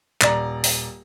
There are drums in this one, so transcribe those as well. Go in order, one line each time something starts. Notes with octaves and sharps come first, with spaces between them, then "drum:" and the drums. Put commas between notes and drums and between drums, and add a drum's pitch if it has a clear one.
D#1 D5 A#5, drum: clap
drum: open hi-hat